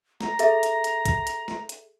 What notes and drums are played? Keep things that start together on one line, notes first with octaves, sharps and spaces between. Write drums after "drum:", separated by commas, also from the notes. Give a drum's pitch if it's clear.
A#5, drum: snare
G#4 A4 E5, drum: hi-hat
drum: hi-hat
drum: hi-hat
drum: kick, hi-hat
drum: hi-hat
drum: snare
drum: hi-hat